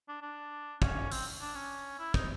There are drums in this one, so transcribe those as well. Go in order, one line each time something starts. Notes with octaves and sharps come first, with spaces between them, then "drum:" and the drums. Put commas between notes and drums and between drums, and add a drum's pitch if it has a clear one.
D4
D4
C#4, drum: kick
C4, drum: open hi-hat
D4
C#4
E4
D#4, drum: kick